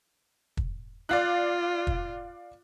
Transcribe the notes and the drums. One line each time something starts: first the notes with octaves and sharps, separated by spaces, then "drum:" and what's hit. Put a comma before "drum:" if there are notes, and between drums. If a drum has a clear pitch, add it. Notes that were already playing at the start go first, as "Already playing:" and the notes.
drum: kick
F4 D5 F5 F#6
drum: kick